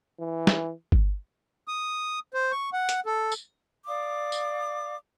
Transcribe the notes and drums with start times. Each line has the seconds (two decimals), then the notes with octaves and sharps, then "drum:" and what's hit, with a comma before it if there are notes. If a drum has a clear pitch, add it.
0.20 E3
0.47 drum: snare
0.92 drum: kick G1
1.68 D#6
2.34 C5
2.52 C#6
2.73 F#5
2.89 drum: hi-hat
3.06 A4
3.32 drum: tambourine
3.86 D5 F5 D6 D#6
4.32 drum: tambourine